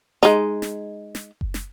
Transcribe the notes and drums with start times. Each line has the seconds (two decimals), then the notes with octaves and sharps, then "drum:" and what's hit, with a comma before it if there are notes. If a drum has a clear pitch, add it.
0.23 G#3 D#4, drum: snare
0.62 drum: snare
1.15 drum: snare
1.41 drum: kick F#1
1.54 drum: snare